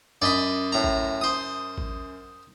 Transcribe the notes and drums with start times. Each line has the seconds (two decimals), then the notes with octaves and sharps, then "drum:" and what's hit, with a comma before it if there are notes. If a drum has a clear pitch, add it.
0.22 F#2 D5 D#5 B5
0.72 A2 A#5
0.84 drum: kick A1
1.21 C5 D#6
1.78 drum: kick A1